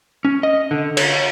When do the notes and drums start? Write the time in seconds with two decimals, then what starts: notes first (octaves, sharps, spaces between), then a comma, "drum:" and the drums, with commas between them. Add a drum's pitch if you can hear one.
0.25 C#4
0.43 D#5
0.71 D3
0.97 C#5, drum: cymbal